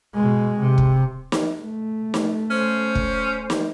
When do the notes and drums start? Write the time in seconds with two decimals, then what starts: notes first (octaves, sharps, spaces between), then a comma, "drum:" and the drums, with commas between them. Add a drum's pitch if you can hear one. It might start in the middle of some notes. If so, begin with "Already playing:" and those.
0.15 B2 G#3
0.59 C3
0.78 drum: kick
1.32 drum: snare
1.59 A3
2.14 drum: snare
2.51 C#4 C5
2.95 drum: kick
3.50 drum: snare